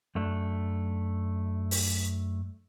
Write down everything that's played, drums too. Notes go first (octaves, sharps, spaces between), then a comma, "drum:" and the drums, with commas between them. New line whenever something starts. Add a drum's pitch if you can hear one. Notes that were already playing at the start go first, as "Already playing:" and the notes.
F#2 A3 D4
drum: open hi-hat